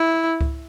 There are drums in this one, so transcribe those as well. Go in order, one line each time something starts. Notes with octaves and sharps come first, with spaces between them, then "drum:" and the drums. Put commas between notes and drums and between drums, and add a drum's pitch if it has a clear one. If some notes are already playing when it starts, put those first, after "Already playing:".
Already playing: E4
drum: kick C#2